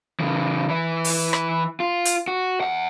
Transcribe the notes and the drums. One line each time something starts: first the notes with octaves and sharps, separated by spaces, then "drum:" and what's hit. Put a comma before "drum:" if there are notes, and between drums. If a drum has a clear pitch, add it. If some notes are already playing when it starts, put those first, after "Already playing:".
C#3 E3
E3 E4
drum: open hi-hat
drum: rim click
F4
drum: hi-hat
F#4
E5 F#5